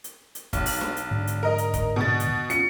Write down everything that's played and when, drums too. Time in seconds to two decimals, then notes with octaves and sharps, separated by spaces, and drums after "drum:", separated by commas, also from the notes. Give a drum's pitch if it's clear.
0.04 drum: hi-hat
0.35 drum: hi-hat
0.53 B1, drum: kick, hi-hat
0.66 drum: open hi-hat
0.81 drum: snare
0.97 drum: hi-hat
1.11 G#2 D3
1.27 drum: hi-hat
1.43 A#4 D#5
1.58 drum: hi-hat
1.74 drum: kick, hi-hat
1.96 B2 A6
2.20 drum: hi-hat
2.50 C#4 F4 C#7, drum: hi-hat